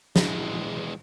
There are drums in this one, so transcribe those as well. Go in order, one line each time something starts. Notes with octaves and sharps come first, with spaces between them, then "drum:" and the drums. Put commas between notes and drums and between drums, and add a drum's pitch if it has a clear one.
E3 G#3, drum: snare